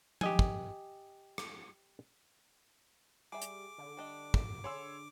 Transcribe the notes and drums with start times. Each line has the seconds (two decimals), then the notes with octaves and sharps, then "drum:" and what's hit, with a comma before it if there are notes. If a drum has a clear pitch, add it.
0.21 G4 D#5 G#5, drum: tom F3
0.39 drum: kick
1.38 drum: rim click
3.32 G3 G#4 E5 D6
3.42 drum: hi-hat
3.78 D3
3.97 G3 D4 D#5
4.34 drum: kick
4.64 D3 G#4 C#5 B5 C6 E6